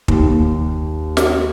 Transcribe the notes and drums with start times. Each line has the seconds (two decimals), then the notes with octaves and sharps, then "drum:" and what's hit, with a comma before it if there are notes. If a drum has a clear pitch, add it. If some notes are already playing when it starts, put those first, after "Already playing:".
0.08 D#2, drum: kick
1.17 drum: snare